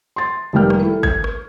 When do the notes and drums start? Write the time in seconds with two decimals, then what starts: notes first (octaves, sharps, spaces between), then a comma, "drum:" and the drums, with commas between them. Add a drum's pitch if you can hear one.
0.16 C6 A6
0.53 F1 D#3 G3 A#3 G5 F6
0.70 drum: rim click
0.82 E4 A4
1.03 G#6, drum: kick
1.24 drum: rim click